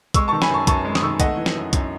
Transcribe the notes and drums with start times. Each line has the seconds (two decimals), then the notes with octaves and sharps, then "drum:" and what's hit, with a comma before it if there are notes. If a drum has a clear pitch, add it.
0.14 G#3 C#6 E6, drum: kick B1, hi-hat
0.28 D#3 A5 C#6
0.42 G#5 B5, drum: snare
0.50 F#2 A5 C#6
0.67 F#2 A5 C#6, drum: kick B1, hi-hat
0.85 G#3
0.95 D#6, drum: snare
1.02 D#3 C#6 E6
1.20 A3 D#5 F#5, drum: kick B1, hi-hat
1.37 E3
1.46 drum: snare
1.55 F#2
1.73 F#2, drum: kick B1, hi-hat